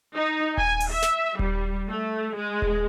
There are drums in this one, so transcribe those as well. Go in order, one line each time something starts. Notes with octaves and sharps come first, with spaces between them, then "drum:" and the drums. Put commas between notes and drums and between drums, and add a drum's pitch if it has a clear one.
D#4
G#5, drum: kick D#1
drum: open hi-hat
E5
drum: snare
G3, drum: kick D#1
A3
G#3
drum: kick D#1